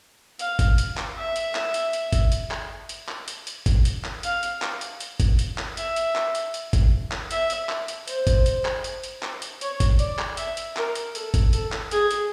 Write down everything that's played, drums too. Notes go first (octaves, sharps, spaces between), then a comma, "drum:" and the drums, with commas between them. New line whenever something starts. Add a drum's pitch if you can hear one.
F5, drum: hi-hat
drum: kick, hi-hat
drum: hi-hat
drum: clap
E5
drum: hi-hat
drum: clap
drum: hi-hat
drum: hi-hat
drum: kick, hi-hat
drum: hi-hat
drum: clap
drum: hi-hat
drum: clap
drum: hi-hat
drum: hi-hat
drum: kick, hi-hat
drum: hi-hat
drum: clap
F5, drum: hi-hat
drum: hi-hat
drum: clap
drum: hi-hat
drum: hi-hat
drum: kick, hi-hat
drum: hi-hat
drum: clap
E5, drum: hi-hat
drum: hi-hat
drum: clap
drum: hi-hat
drum: hi-hat
drum: kick, hi-hat
drum: clap
E5, drum: hi-hat
drum: hi-hat
drum: clap
drum: hi-hat
C5, drum: hi-hat
drum: kick, hi-hat
drum: hi-hat
drum: clap
drum: hi-hat
drum: hi-hat
drum: clap
drum: hi-hat
C#5, drum: hi-hat
drum: kick, hi-hat
D5, drum: hi-hat
drum: clap
E5, drum: hi-hat
drum: hi-hat
A#4, drum: clap
drum: hi-hat
A4, drum: hi-hat
drum: kick, hi-hat
A4, drum: hi-hat
drum: clap
G#4, drum: hi-hat
drum: hi-hat